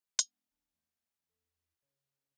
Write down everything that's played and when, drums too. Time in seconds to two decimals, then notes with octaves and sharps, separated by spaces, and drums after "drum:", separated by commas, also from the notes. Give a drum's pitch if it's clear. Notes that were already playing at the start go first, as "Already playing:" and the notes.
0.19 G#3 B3 D4, drum: hi-hat
0.51 D1 D4
0.74 E2 A3 G6
1.29 A4 B6
1.82 C#3 C#5